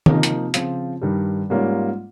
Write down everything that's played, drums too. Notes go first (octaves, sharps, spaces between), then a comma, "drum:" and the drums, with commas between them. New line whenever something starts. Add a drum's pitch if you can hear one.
C3 F3 A#3 D#4, drum: tom D#3
drum: hi-hat
C#3 F3 C4 F4, drum: hi-hat
G2 D#3 G3
G#2 G3 A#3 C#4 F4